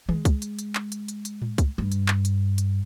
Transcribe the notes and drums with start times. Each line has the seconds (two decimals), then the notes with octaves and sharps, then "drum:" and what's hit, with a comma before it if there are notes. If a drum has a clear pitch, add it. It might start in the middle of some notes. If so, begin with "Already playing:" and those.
0.09 G#3, drum: tom D#3
0.25 drum: kick C2, hi-hat
0.42 drum: hi-hat
0.59 drum: hi-hat
0.75 drum: clap
0.92 drum: hi-hat
1.08 drum: hi-hat
1.25 drum: hi-hat
1.42 drum: tom A2
1.58 drum: kick C2, hi-hat
1.78 G2
1.92 drum: hi-hat
2.08 drum: clap
2.25 drum: hi-hat
2.58 drum: hi-hat